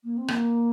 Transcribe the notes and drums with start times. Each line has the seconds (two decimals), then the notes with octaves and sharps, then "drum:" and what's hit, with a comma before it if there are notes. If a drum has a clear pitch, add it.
0.03 A#3
0.17 C4
0.28 A#3, drum: rim click